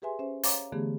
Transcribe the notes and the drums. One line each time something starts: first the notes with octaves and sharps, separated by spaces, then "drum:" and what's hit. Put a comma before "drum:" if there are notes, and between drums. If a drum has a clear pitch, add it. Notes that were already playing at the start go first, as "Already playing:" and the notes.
G4 G#4 B4 E5 G#5 C6
C#4 C5 E5
C#5 F5 A#5 D6, drum: open hi-hat
D3 E3 A3 B3 G4 G#4